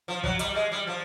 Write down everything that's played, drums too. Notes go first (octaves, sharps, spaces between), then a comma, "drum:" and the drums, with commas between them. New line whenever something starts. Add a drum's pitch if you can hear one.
F3
F#3, drum: kick
G3, drum: hi-hat
G#3
G3
F3